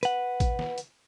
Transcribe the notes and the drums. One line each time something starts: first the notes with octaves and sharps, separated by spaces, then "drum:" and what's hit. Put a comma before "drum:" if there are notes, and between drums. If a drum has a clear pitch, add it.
B4 F#5, drum: hi-hat
drum: kick A1, hi-hat
drum: snare
drum: hi-hat